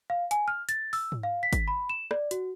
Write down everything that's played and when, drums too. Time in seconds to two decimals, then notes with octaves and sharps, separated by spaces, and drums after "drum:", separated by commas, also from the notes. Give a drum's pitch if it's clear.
0.10 F5
0.31 G#5, drum: hi-hat
0.48 F6
0.69 A6, drum: hi-hat
0.93 E6, drum: open hi-hat
1.12 drum: tom G#2
1.23 F5
1.43 B6
1.53 drum: kick, hi-hat
1.68 B5
1.90 E7
2.11 D5, drum: rim click
2.31 F#4, drum: hi-hat